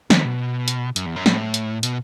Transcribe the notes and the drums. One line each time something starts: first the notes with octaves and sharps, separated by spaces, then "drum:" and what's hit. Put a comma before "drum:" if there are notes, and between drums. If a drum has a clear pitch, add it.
D#3, drum: snare
B2
drum: hi-hat
F#2, drum: hi-hat
E2
F#2
A2, drum: snare
drum: hi-hat
B2, drum: hi-hat